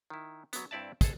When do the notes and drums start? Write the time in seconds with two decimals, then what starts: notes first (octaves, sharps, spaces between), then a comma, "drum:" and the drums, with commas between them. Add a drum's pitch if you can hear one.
0.10 D#3 E4
0.53 F#3 B3, drum: hi-hat
0.71 G2 C4 E4 D5 E5 A5
1.01 G#4 A4, drum: kick, hi-hat